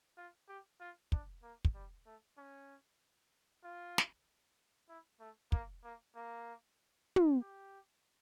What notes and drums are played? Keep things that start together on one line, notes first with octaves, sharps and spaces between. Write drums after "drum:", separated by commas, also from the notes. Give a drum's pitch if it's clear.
F4
G4
F4
D4, drum: kick
A#3
drum: kick
G3
A3
C#4
F4
drum: snare
E4
A3
A#3, drum: kick
A#3
A#3
drum: tom
G4